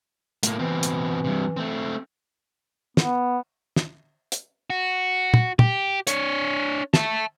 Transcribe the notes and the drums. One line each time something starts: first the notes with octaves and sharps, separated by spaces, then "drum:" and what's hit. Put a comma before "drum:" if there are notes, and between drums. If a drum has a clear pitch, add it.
A2 A#3, drum: hi-hat
B2 E3 C4
drum: hi-hat
G2 C3
A3 C4
B3, drum: snare
drum: snare
drum: hi-hat
F#4
drum: tom
G4, drum: tom
D4 C#5, drum: hi-hat
E5 A5, drum: snare